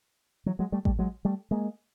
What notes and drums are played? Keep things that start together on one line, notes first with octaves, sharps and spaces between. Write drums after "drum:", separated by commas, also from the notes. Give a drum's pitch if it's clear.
E3 F#3
F#3 G#3
G3 A3
G3 A3, drum: kick A1
F#3 G#3
G3 A3
G#3 A#3